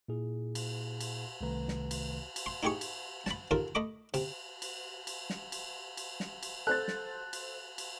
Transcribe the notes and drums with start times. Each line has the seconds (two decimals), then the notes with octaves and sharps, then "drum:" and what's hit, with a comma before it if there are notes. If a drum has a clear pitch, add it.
0.08 A#2 E4 G#4
0.55 drum: cymbal
1.00 drum: cymbal
1.41 C2 C3 D#3 A3 B4 A#5
1.68 drum: snare
1.91 drum: cymbal
2.36 drum: cymbal
2.46 C6
2.63 D#4 E4 G4 G#4 C#6
2.81 drum: cymbal
3.26 A5 B5, drum: snare
3.51 D#2 F4 A4 A#4
3.75 A3 D#5 B5 D6
4.14 C3, drum: cymbal
4.62 drum: cymbal
5.07 drum: cymbal
5.30 drum: snare
5.52 drum: cymbal
5.97 drum: cymbal
6.20 drum: snare
6.43 drum: cymbal
6.67 A4 C5 F#6 A6
6.88 drum: snare
7.33 drum: cymbal
7.78 drum: cymbal